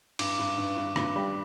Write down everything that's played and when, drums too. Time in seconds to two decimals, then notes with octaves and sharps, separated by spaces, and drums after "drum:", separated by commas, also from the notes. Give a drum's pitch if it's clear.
0.19 G2 D6, drum: cymbal
0.39 G2
0.58 G2
0.77 G2
0.96 G2, drum: rim click
1.16 G3